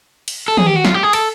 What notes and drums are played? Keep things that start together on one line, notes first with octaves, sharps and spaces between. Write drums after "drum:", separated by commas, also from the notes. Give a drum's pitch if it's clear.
drum: cymbal
A4
G#4, drum: tom D#3
G4
F#4
F4, drum: snare
G4
G#4
A4, drum: cymbal